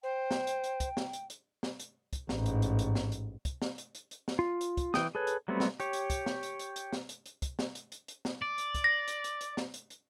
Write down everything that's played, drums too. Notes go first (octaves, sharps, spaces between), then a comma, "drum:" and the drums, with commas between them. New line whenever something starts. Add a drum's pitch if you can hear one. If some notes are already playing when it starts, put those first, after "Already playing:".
C5 G5
drum: snare
drum: hi-hat
drum: hi-hat
drum: kick, hi-hat
drum: snare
drum: hi-hat
drum: hi-hat
drum: snare
drum: hi-hat
drum: kick, hi-hat
A1 G#2, drum: snare
drum: hi-hat
drum: hi-hat
drum: hi-hat
drum: snare
drum: hi-hat
drum: kick, hi-hat
drum: snare
drum: hi-hat
drum: hi-hat
drum: hi-hat
drum: snare
F4
drum: hi-hat
drum: kick, hi-hat
E3 G5 D#6, drum: snare
G#4 A4 B4 C#5
drum: hi-hat
F#3 G3 A3 B3 C4
drum: snare
G4 C#5, drum: hi-hat
drum: hi-hat
drum: kick, hi-hat
drum: snare
drum: hi-hat
drum: hi-hat
drum: hi-hat
drum: snare
drum: hi-hat
drum: hi-hat
drum: kick, hi-hat
drum: snare
drum: hi-hat
drum: hi-hat
drum: hi-hat
drum: snare
D5
drum: hi-hat
drum: kick, hi-hat
A#6
drum: hi-hat
drum: hi-hat
drum: hi-hat
drum: snare
drum: hi-hat
drum: hi-hat